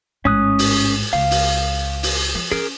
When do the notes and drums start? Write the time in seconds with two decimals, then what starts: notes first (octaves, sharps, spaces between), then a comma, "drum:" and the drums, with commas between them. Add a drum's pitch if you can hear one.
0.25 A1 G#2 C#4 D#6 F#6
0.59 drum: open hi-hat
1.13 C#2 F5
1.31 drum: open hi-hat
2.03 drum: open hi-hat
2.35 F3
2.52 C#4 G#4 A#4